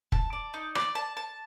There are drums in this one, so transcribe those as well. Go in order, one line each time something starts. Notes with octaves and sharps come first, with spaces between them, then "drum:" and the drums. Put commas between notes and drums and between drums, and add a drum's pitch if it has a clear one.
A5, drum: kick
D5
D#4
D5, drum: rim click
A5
A5